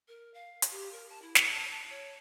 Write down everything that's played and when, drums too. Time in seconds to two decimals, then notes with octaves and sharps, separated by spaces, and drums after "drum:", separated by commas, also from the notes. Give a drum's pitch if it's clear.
0.08 A#4
0.34 F5
0.62 drum: hi-hat
0.71 G4
0.92 A#4
1.10 A5
1.22 E4
1.35 drum: snare
1.50 A5
1.72 A5
1.90 C#5